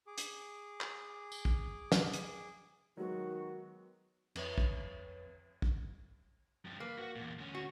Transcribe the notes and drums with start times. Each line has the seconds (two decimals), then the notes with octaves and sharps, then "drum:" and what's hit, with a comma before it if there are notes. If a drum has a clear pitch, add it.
0.07 G#4 D6
0.18 drum: hi-hat
0.81 drum: clap
1.32 drum: tambourine
1.45 drum: kick
1.92 drum: snare
2.13 drum: hi-hat
2.97 D#3 F#3 G#3 B3 F#4
4.36 F2 B4 C#5, drum: cymbal
4.58 drum: kick
5.62 drum: kick
6.65 G2 F3
6.80 A#3 B4
6.98 F#4 F#5
7.16 E2 A#2
7.38 D2 C#4
7.55 F#4